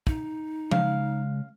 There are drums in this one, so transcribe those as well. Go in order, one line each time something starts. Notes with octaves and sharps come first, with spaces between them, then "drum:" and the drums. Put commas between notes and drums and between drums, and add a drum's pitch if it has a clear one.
D#4, drum: kick
C#3 G#3 F5, drum: tom F3